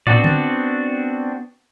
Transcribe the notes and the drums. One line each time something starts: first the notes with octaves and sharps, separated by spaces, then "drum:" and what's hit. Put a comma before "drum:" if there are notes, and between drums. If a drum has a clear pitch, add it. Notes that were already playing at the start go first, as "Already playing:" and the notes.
B3 C4 D4 F#4 D5, drum: tom
drum: tom D3